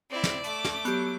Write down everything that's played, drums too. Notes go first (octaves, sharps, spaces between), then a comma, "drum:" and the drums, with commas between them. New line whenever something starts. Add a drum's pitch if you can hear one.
C4 E4 D5
drum: snare
A3 D6, drum: hi-hat
drum: snare
F#3 B3 G4, drum: hi-hat